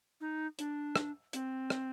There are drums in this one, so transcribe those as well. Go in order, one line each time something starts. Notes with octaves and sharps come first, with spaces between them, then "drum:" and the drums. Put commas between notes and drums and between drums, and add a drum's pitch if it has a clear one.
D#4
D4, drum: hi-hat
drum: rim click
C4, drum: hi-hat
drum: rim click